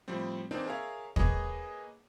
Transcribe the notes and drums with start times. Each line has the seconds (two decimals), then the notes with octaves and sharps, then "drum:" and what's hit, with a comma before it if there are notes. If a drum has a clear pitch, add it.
0.08 A2 F3 G3 C4
0.51 E3 A#3 C4 D4 D#4
0.66 G#4 A#4 C#5 E5 F5
1.16 A#3 G#4 B4 C#5 D#5, drum: kick